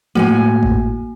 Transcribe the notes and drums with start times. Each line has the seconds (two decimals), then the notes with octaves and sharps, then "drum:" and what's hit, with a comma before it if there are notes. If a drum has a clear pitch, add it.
0.15 A2 G#3 A#3 F#4 G#5
0.63 drum: kick G#1